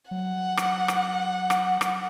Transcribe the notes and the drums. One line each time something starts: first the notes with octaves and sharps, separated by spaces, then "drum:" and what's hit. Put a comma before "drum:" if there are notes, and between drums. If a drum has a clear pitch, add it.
F#3 F#5
drum: rim click
drum: rim click
drum: rim click
drum: rim click